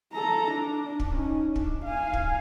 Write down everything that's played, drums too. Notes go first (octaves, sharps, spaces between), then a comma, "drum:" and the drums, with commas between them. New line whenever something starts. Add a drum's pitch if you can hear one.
A4 A#5
D4
drum: kick
C#4 D#4
D4, drum: kick
F5 G#5
drum: kick